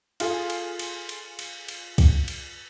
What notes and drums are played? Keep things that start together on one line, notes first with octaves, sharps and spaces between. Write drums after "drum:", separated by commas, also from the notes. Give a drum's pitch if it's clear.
F4 G#4 A4, drum: cymbal
drum: cymbal
drum: cymbal
drum: cymbal
drum: cymbal
drum: cymbal
drum: kick, cymbal
drum: cymbal